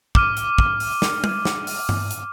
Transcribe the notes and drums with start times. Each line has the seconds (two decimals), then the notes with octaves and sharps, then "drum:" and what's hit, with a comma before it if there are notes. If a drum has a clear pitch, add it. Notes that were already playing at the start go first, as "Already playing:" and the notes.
0.15 D6 F6 D#7, drum: kick
0.37 drum: hi-hat
0.58 drum: kick
0.80 drum: open hi-hat
1.02 drum: snare
1.24 drum: tom
1.45 drum: snare
1.67 drum: open hi-hat
1.89 drum: tom G2
2.11 drum: hi-hat